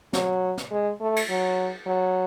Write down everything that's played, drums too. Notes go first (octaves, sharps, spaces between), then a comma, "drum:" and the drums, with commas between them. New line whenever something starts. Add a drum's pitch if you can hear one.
F#3, drum: snare
drum: snare
G#3
A3
drum: cymbal
F#3
F#3